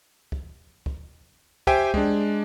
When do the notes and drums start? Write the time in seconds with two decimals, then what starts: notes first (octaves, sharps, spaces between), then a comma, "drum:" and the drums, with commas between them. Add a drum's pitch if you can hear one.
0.32 drum: kick
0.86 drum: kick
1.67 G4 C5 E5 G5 G#5, drum: kick
1.94 G#3 D4, drum: kick